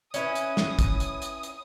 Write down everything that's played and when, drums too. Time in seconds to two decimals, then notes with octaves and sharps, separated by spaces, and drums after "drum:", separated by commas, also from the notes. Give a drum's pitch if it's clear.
0.14 C#4 E4 B4 D#6, drum: hi-hat
0.35 drum: hi-hat
0.57 drum: snare
0.79 drum: kick, hi-hat
1.00 drum: hi-hat
1.22 drum: hi-hat
1.43 drum: hi-hat